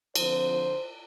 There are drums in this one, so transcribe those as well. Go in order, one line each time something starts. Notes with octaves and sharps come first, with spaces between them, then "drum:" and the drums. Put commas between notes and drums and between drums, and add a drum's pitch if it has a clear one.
D3 F3 C4 C5, drum: cymbal